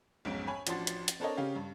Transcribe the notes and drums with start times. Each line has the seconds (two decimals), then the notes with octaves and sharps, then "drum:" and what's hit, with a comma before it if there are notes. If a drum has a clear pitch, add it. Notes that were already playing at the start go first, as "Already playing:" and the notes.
0.25 B1 F2 G#2 C#4 D7
0.47 C#5 G#5 B5
0.67 A1 F3 D4 F#4 C6 A6, drum: hi-hat
0.87 drum: hi-hat
1.08 drum: hi-hat
1.20 C4 D4 A4 A#4 C#5 D#5
1.37 C#3 C#4 G4 F5
1.56 G2